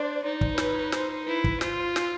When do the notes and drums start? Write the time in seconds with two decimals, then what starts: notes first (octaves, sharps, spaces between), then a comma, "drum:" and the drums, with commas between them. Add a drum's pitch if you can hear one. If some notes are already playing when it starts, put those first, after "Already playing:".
Already playing: D4 C5 D5
0.24 D#4
0.41 drum: kick
0.58 B4 C#5, drum: snare
0.92 C5, drum: snare
1.27 E4 B4
1.44 drum: kick
1.61 F4 C5, drum: snare
1.96 drum: snare